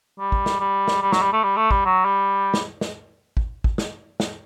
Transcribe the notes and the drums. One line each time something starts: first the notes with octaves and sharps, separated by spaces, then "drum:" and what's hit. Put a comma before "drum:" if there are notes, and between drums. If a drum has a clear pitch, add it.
G3
drum: kick
drum: snare
G3
drum: snare
G3
F#3, drum: snare
G3
A3
G3
A3
G3, drum: kick
F#3
G3
drum: snare
drum: snare
drum: kick
drum: kick
drum: snare
drum: snare